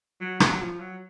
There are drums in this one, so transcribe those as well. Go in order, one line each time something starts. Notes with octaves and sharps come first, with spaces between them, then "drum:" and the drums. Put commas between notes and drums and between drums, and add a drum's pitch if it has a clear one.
F#3
F#3, drum: rim click
F3
F#3